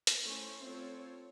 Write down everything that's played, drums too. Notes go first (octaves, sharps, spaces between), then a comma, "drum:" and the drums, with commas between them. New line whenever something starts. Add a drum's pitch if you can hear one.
drum: hi-hat
A3 C#4 E4 A4 C5
C4 F4 A4 C#5